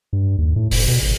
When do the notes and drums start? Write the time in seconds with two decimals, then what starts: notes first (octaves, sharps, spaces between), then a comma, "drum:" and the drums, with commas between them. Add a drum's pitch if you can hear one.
0.13 G2
0.38 D#2
0.56 A2
0.71 F1, drum: open hi-hat
0.88 B2
1.02 G#1